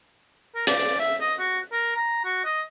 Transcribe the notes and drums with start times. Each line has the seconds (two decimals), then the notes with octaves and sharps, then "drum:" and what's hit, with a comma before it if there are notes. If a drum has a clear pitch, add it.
0.55 A#4
0.67 D5, drum: hi-hat
0.99 E5
1.20 D#5
1.39 F#4
1.72 A#4
1.96 A#5
2.25 F#4
2.45 D#5